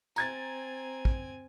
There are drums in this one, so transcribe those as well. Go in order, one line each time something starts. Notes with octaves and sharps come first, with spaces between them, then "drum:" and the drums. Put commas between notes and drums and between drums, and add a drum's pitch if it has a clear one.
C4 G#5 A#5 G#6 A6, drum: tambourine
drum: kick